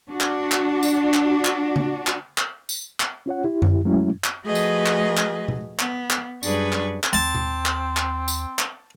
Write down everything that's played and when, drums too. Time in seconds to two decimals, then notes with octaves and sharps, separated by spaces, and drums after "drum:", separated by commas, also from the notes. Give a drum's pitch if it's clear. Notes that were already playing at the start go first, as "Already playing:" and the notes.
0.11 D4 F#4
0.21 drum: clap
0.52 drum: clap
0.83 drum: tambourine
1.14 drum: clap
1.45 drum: clap
1.76 drum: tom D3
2.07 drum: clap
2.38 drum: clap
2.69 drum: tambourine
3.00 drum: clap
3.26 C#4 F4 C#5 F#5
3.44 E4 G4
3.62 drum: tom F#2
3.85 F#3 G#3 A3 C#4 E4
4.24 drum: clap
4.46 F3 A3 F#4 G#4 B4 D#5
4.55 drum: tambourine
4.86 drum: clap
5.17 drum: clap
5.48 drum: tom B2
5.79 B3, drum: clap
6.10 drum: clap
6.43 F#2 G3 D4 G#4 B4 C#6, drum: tambourine
6.73 drum: clap
7.04 drum: clap
7.13 D#2 C4 A5
7.35 drum: tom B2
7.66 drum: clap
7.97 drum: clap
8.28 drum: tambourine
8.59 drum: clap